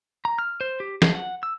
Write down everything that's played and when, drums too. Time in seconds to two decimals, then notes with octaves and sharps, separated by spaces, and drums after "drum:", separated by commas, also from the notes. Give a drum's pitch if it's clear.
0.25 A#5
0.39 F6
0.61 C5
0.80 G4
1.02 G#4, drum: snare
1.15 F#5
1.43 E6